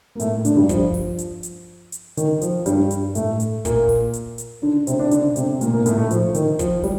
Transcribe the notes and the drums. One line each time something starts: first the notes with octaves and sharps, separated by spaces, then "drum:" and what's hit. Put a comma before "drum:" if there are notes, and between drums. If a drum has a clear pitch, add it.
A#3
A2 A3, drum: hi-hat
D3 D4, drum: hi-hat
G2 G3
F3, drum: kick, hi-hat
drum: open hi-hat
drum: hi-hat
drum: hi-hat
drum: hi-hat
D#3, drum: hi-hat
F3, drum: hi-hat
G2 G3, drum: hi-hat
drum: hi-hat
A2 A3, drum: hi-hat
drum: hi-hat
A#2 A#3, drum: kick, hi-hat
drum: open hi-hat
drum: hi-hat
drum: hi-hat
D3 D4
C3 C4, drum: hi-hat
D3 D4
D3 D4, drum: hi-hat
C3 C4, drum: hi-hat
A#2 A#3, drum: hi-hat
A#2 A#3
A2 A3, drum: hi-hat
A2 A3
F3, drum: hi-hat
D#3, drum: hi-hat
F3, drum: kick, hi-hat
G3, drum: open hi-hat